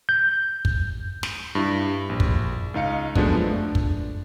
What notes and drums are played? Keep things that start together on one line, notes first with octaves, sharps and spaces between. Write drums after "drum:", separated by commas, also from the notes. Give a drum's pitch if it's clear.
G6
drum: kick
drum: snare
G2 E4
A#1
drum: kick
C#2 D#4 F5 C#7
F3 F#3 G#3 A3 B3 D4, drum: kick
A3
D4
drum: kick